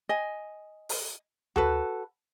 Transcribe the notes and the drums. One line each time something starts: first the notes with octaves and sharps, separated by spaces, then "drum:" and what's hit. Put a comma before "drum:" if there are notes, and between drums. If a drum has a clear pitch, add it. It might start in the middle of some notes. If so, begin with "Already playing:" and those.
D#5 G#5
drum: open hi-hat
F#4 A4 B4, drum: tom D2